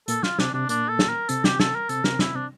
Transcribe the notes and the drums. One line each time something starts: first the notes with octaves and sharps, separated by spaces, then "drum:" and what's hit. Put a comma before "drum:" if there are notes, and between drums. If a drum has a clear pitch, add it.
A#2 A#3 A4, drum: hi-hat
F4, drum: snare
C3 C4 D4, drum: snare
C3 C4 D4
A#2 A#3 D4, drum: hi-hat
A4
drum: snare
A#4
C3 C4 A4, drum: hi-hat
G4, drum: snare
A4, drum: snare
A#4
C3 C4 A4, drum: hi-hat
C3 C4 A#4, drum: snare
C3 C4 E4, drum: snare
C3 C4 D4